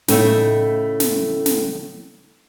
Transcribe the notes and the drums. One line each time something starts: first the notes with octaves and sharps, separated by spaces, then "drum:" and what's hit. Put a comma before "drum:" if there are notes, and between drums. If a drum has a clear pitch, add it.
A2 C#3 A3 D#4 E5, drum: snare
drum: snare
drum: snare